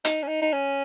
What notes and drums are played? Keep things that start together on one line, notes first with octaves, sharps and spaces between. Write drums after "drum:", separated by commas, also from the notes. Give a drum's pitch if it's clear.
D#4, drum: hi-hat
C#4
D#4
D#4
C#4